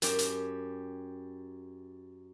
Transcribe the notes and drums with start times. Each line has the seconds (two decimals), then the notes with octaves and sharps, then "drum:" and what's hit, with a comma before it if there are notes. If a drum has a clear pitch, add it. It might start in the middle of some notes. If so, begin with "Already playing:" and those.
0.02 F#2 G4, drum: hi-hat
0.19 drum: hi-hat